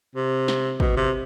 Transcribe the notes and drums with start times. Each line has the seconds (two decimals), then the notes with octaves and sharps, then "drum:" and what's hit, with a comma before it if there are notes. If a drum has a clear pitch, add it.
0.16 C3
0.48 drum: snare
0.80 B2, drum: kick
0.97 C3